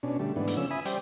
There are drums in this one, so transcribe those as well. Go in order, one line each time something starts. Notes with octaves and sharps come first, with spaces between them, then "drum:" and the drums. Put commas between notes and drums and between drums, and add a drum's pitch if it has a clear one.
B2 C#4 D4
D3 G3 A3
G#2 E3 A3 B3 D4
drum: hi-hat
C#3 F3 C#4 E6
E5 G#5 B5 D#6
G3 C5 D5 G5, drum: hi-hat